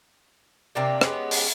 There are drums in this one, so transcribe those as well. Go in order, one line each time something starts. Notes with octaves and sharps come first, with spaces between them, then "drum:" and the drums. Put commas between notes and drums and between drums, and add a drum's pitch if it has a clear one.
C3 A#3 D4 G4
G#3 B3 C#4 G4, drum: rim click
drum: open hi-hat